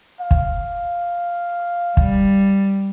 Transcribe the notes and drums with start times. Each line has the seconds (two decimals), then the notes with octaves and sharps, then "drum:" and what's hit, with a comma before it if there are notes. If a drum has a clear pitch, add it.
0.21 F5
0.31 drum: kick
1.97 G3, drum: kick